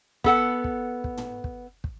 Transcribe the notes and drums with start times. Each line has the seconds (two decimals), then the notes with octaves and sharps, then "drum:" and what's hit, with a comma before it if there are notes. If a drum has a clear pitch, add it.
0.24 B3 A4 F#5, drum: kick
0.64 drum: kick
1.04 drum: kick
1.17 drum: tom
1.44 drum: kick
1.84 drum: kick